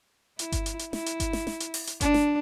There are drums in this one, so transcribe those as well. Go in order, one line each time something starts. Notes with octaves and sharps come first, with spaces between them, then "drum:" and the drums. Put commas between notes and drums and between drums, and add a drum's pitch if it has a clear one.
E4, drum: hi-hat
drum: kick G1, hi-hat
drum: hi-hat
drum: hi-hat
E4, drum: snare
drum: hi-hat
drum: kick G1, hi-hat
drum: snare
drum: snare
drum: hi-hat
drum: open hi-hat
drum: hi-hat
D4, drum: kick G1, hi-hat
drum: snare